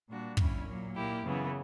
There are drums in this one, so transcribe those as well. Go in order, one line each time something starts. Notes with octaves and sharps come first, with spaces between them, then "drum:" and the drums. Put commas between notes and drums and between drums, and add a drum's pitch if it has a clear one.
A#2 G3 A#3 D4 F#4
D3 G3 C#4 E4, drum: kick
A#2 F#3 A#3
A#2 A#3 E4 G4
F#2 C#3 E3 B3